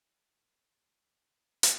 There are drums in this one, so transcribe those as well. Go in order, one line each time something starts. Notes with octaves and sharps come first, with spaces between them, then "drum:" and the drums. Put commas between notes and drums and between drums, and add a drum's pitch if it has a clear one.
C4
F#4
C#5
drum: hi-hat